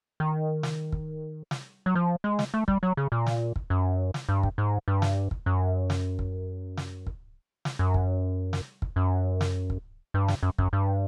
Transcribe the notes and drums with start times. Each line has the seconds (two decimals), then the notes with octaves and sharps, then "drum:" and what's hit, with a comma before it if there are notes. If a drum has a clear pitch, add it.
0.20 D#3
0.63 drum: snare
0.93 drum: kick
1.51 drum: snare
1.86 F#3
1.95 F3
2.24 G#3
2.39 drum: snare
2.54 A3
2.68 G3, drum: kick
2.83 F#3
2.97 C#3
3.12 A#2
3.26 drum: snare
3.56 drum: kick
3.70 F#2
4.14 drum: snare
4.29 G2
4.43 drum: kick
4.58 G#2
4.88 G2
5.02 drum: snare
5.31 drum: kick
5.46 F#2
5.90 drum: snare
6.19 drum: kick
6.77 drum: snare
7.07 drum: kick
7.65 drum: snare
7.79 F#2
7.94 drum: kick
8.53 drum: snare
8.82 drum: kick
8.96 F#2
9.41 drum: snare
9.70 drum: kick
10.14 G2
10.28 drum: snare
10.43 F#2
10.59 F#2, drum: kick
10.73 G2